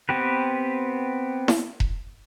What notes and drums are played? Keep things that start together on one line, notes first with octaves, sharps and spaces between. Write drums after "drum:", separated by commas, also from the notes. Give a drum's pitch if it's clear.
B3 C4 G4 B4
drum: snare E4
drum: kick E1